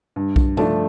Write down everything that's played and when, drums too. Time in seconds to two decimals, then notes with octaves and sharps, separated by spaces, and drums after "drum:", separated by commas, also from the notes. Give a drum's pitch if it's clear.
0.16 G2
0.36 drum: kick B1
0.57 F3 A3 D4, drum: tom